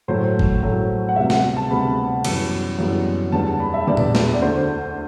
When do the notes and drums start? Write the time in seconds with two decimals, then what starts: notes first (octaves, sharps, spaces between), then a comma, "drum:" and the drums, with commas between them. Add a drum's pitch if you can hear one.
0.08 A2 F#3 A3 C5
0.39 drum: kick F#1
0.63 A2 F#3 A3
1.09 F#5
1.16 D2 C3 G3 B3 E5
1.30 F#5, drum: snare
1.57 A5
1.71 D2 C3 G3 B3 B5
2.25 F#2 E3 G3 B3, drum: cymbal
2.79 F#2 E3 G3 B3
3.32 E2 D3 G3 B3 A5
3.47 A5
3.60 B5
3.74 E5
3.87 E2 D3 G3 B3 D5
3.97 drum: tom A#2
4.15 B4, drum: snare
4.33 D5
4.42 D2 D3 A3 C5